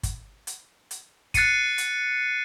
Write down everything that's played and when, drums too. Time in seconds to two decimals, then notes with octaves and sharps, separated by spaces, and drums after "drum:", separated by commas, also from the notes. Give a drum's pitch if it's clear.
0.03 drum: kick G1, hi-hat
0.47 drum: hi-hat
0.91 drum: hi-hat
1.34 F#6 A6 C7 C#7 D#7, drum: kick G1, hi-hat
1.78 drum: hi-hat